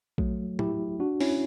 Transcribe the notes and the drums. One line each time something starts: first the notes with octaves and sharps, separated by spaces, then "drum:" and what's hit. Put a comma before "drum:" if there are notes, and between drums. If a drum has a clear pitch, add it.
F#3 A3, drum: kick A#1
E4 G4, drum: tom
D4 F#4
C#4 E4, drum: open hi-hat